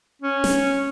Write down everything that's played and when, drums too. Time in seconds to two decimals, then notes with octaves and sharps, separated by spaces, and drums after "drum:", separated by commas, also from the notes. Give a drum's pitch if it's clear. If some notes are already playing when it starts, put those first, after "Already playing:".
0.22 C#4
0.44 drum: snare